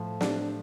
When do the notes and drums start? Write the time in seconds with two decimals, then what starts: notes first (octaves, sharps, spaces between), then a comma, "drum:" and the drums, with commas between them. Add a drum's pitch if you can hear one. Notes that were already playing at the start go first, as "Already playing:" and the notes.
Already playing: A2 F3
0.21 D4, drum: snare